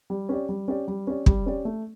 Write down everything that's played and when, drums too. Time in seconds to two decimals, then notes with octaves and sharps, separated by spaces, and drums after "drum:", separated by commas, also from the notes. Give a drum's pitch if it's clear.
0.10 G3
0.29 C#4 G4 D5
0.49 G3
0.68 C#4 G4 D5
0.88 G3
1.07 C#4 G4 D5
1.26 G3, drum: kick
1.46 C#4 G4 D5
1.65 A3